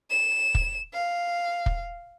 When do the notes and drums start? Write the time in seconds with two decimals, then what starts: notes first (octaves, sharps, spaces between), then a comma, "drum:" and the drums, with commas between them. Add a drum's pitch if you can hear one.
0.10 E7
0.55 drum: kick
0.93 F5
1.66 drum: kick